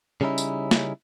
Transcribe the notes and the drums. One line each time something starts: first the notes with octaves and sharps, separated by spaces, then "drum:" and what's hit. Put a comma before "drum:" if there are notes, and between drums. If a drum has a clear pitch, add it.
C#3 G3 C#4 D#4 E4
drum: tambourine
drum: snare